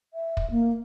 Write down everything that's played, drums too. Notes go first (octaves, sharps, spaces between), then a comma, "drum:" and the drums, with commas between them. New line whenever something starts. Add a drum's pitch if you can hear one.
E5
drum: kick
A#3